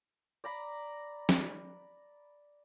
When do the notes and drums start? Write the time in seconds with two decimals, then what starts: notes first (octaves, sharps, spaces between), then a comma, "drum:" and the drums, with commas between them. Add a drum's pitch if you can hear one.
0.44 D5 A#5 B5
1.29 drum: snare